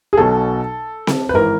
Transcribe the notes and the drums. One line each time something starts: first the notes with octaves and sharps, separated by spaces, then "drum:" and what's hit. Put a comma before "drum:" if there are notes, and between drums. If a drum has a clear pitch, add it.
G#4
B1 B2 F#3 A4
drum: snare C4
B4
G#1 E3 A#4